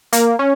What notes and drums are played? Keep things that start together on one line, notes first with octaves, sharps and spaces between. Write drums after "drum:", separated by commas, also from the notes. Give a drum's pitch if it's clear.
A#3, drum: hi-hat
C#4